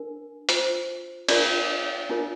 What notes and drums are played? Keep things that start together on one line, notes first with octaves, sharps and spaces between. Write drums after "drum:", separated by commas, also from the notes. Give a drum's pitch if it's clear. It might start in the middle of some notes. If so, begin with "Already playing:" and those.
Already playing: D4 A#4
F4 C5, drum: hi-hat
D4 F4 A#4 D5, drum: cymbal
D4 F4 A#4